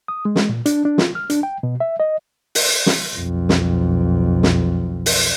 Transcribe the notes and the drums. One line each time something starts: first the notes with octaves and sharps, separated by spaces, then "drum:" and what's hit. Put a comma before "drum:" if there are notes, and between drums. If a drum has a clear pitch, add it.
D#6
G#3
drum: snare
A#2
D4, drum: hi-hat
D4
F4, drum: snare
F6
D4, drum: hi-hat
G5
B2
E5
D#5
drum: open hi-hat
drum: snare
B1 F2
drum: snare
drum: snare
drum: open hi-hat